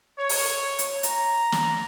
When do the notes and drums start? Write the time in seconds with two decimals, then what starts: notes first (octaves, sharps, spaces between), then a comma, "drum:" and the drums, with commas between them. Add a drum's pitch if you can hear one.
0.19 C#5
0.29 drum: open hi-hat
0.79 drum: hi-hat
1.03 A#5, drum: hi-hat
1.52 drum: snare